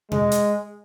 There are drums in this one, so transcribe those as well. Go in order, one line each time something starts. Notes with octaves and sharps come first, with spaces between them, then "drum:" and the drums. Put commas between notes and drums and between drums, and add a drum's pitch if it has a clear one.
G#3, drum: tom B2
drum: hi-hat